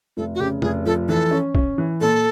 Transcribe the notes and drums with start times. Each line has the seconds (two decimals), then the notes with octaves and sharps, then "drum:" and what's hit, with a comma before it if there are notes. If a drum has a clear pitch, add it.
0.17 F1 A4
0.35 F#4
0.40 C#3 G4
0.62 F1 G#4, drum: tom C3
0.86 F3 A4
1.09 E3 A4
1.31 C#4
1.55 C#4, drum: kick
1.78 E3
2.01 A#2 A4